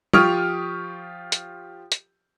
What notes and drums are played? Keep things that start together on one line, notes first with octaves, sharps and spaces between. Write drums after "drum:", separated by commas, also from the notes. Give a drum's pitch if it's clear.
F3 F4 G4 C#6 D#6 F6, drum: tom
drum: hi-hat
drum: hi-hat